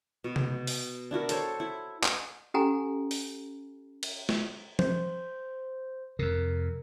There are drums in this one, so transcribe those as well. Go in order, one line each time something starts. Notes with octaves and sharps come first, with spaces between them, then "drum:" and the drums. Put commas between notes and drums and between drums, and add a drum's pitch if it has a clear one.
B2
drum: tom C3
drum: open hi-hat
D4 E4 F#4 A#4
A4 C5 C#5, drum: hi-hat
E4
drum: clap
C#4 G4 A4 F#5 G#5 A#5
drum: open hi-hat
drum: cymbal
drum: snare
C5, drum: tom F3
F2 C3 A#4